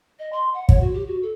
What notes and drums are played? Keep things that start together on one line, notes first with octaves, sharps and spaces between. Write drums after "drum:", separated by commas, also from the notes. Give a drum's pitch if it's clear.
D#5
C6
F#5
C#5, drum: kick
F#4
G4
F#4
A4